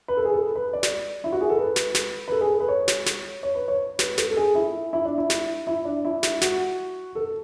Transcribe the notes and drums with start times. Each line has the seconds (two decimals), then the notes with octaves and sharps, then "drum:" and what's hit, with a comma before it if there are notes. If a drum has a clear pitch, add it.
0.08 B4
0.17 A4
0.25 G#4
0.33 A4
0.56 B4
0.73 D5
0.83 drum: snare
1.24 E4
1.32 F#4
1.41 G#4
1.50 A4
1.57 B4
1.76 drum: snare
1.95 drum: snare
2.28 B4
2.32 A4
2.41 G#4
2.50 A4
2.60 B4
2.68 C#5
2.88 drum: snare
3.06 drum: snare
3.43 C#5
3.55 B4
3.68 C#5
3.99 B4, drum: snare
4.18 A4, drum: snare
4.31 A4
4.37 G#4
4.55 E4
4.93 E4
5.05 D4
5.18 E4
5.30 drum: snare
5.67 E4
5.85 D4
6.05 E4
6.23 drum: snare
6.41 F#4, drum: snare
7.15 A4